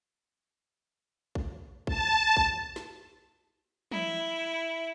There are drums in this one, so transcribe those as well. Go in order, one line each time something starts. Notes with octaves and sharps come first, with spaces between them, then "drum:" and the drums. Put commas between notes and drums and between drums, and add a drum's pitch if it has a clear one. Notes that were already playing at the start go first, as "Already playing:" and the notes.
drum: kick
A5, drum: kick
drum: kick
drum: snare
E4, drum: tom